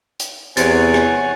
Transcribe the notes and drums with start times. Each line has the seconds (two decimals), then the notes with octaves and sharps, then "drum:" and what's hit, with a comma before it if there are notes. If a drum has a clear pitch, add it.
0.19 drum: hi-hat
0.57 E2 C3 C#5 F#5 G#5 A6 D7, drum: hi-hat
0.94 drum: rim click